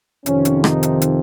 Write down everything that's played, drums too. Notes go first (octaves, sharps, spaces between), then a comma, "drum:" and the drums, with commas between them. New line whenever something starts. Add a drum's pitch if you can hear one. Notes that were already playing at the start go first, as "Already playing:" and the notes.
F2 C3 D#3 C#4, drum: hi-hat
drum: hi-hat
D#4, drum: rim click
drum: hi-hat
drum: hi-hat